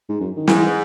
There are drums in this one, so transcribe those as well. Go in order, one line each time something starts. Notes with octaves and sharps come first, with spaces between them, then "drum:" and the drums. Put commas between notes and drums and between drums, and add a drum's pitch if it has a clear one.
G#2
F#2
D#3
G#2 E3, drum: snare